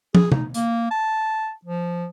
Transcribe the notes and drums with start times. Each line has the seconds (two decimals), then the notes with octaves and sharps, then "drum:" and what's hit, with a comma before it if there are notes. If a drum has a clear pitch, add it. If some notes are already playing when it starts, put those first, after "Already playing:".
0.15 G#4, drum: tom
0.32 D#4, drum: tom
0.54 A#3, drum: hi-hat
0.91 A5
1.65 F3